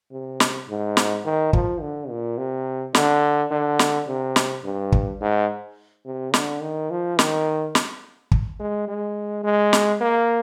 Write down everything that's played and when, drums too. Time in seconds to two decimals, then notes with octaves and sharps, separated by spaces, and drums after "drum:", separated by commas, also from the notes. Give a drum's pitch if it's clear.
0.12 C3
0.40 drum: snare
0.68 G#2
0.97 drum: snare
1.25 D#3
1.53 F3, drum: kick
1.81 D3
2.10 A#2
2.38 C3
2.95 D3, drum: snare
3.51 D3
3.79 drum: snare
4.07 C3
4.36 drum: snare
4.64 G2
4.92 drum: kick
5.21 G#2
6.05 C3
6.34 D3, drum: snare
6.62 D#3
6.91 F3
7.19 D#3, drum: snare
7.75 drum: snare
8.31 drum: kick
8.60 G#3
8.88 G#3
9.44 G#3
9.73 drum: snare
10.01 A#3